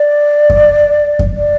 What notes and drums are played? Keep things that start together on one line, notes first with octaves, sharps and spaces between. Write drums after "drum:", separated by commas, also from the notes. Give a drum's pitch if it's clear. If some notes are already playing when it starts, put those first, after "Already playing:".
Already playing: D5
drum: kick F#2
drum: kick F#2
D5